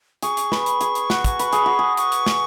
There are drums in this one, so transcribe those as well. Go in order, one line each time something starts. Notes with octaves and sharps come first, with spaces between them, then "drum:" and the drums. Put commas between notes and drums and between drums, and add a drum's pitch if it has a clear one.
G#4 C#6, drum: hi-hat
drum: hi-hat
B4, drum: snare
drum: hi-hat
G#4, drum: hi-hat
drum: hi-hat
F#4, drum: snare
drum: kick, hi-hat
B4, drum: hi-hat
G#4, drum: hi-hat
F#4
G#4
C#6, drum: hi-hat
drum: hi-hat
drum: snare